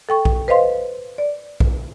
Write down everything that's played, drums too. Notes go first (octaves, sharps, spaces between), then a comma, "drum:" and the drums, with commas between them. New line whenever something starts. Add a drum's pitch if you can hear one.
A4 G5 C#6
drum: kick
B4 C5 D#5 F5 C6
D5
drum: kick